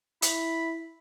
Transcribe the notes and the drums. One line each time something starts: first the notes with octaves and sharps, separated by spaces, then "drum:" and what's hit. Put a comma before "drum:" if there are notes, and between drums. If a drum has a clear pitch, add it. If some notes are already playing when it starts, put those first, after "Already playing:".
E4 B5, drum: hi-hat